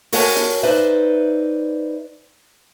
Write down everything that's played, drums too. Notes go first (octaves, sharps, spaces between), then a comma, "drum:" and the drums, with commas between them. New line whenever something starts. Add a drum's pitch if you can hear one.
F#4 A#4 C#5 F#5 G#5 A5, drum: open hi-hat
drum: snare
D#4 B4 C5 D5 E5